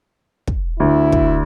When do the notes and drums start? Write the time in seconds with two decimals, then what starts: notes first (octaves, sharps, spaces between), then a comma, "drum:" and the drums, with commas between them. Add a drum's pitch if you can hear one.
0.47 drum: kick
0.80 D2 E4
1.12 drum: kick